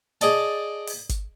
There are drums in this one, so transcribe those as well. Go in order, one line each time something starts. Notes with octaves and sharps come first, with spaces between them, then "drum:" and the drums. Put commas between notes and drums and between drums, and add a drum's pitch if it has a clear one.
G#4 D5 D#5 A5, drum: hi-hat
drum: open hi-hat
drum: kick G#1, hi-hat